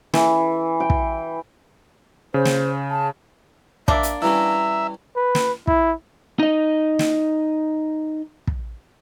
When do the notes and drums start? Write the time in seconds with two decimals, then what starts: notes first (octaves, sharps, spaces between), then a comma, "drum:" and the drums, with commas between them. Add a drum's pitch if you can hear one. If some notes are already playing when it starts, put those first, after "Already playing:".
0.14 E3, drum: snare
0.80 G5
0.90 drum: kick
2.34 C#3 C5
2.45 drum: snare
2.90 A5
3.88 A#3 D4 E5, drum: kick
4.03 drum: hi-hat
4.22 E3 G3 C#4 E5 A#5
5.16 B4
5.35 drum: snare
5.67 E4, drum: kick
6.39 D#4 D#5
6.99 drum: snare
8.47 drum: kick